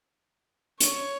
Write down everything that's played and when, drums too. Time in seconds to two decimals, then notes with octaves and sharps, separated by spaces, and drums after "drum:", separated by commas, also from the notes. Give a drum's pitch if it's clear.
0.80 C#5, drum: hi-hat